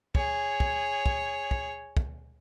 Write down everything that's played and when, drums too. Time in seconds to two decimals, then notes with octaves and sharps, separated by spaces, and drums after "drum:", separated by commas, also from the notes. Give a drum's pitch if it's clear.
0.15 G#4 C#5, drum: kick
0.60 drum: kick
1.06 drum: kick
1.51 drum: kick
1.97 drum: kick